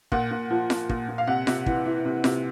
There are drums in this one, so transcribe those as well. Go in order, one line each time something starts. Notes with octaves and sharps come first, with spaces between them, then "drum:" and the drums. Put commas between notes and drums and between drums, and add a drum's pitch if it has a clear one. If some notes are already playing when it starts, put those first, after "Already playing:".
A#2 F#5, drum: kick
A#2
F3
F3, drum: snare F4
A#2, drum: kick
A#2
F5
C3 F#5
C3, drum: snare F4
E3, drum: kick
E3
C3
C3, drum: snare F4